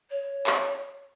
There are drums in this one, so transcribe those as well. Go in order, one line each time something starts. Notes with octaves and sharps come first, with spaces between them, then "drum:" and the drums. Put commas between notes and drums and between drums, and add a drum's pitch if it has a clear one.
C#5
drum: clap